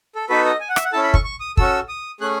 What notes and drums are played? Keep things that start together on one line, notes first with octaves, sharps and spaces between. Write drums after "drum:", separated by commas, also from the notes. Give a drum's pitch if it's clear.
A4
B3 D#4 F#4 A4 B4
D#5
G#5
F#5
E5, drum: rim click
F#5
C#4 E4 A4 A5
B5
C#6, drum: kick
C#6
D#6
C#4 F#4 A4 E6, drum: kick
D#6
A3 C#4 G#4 F#6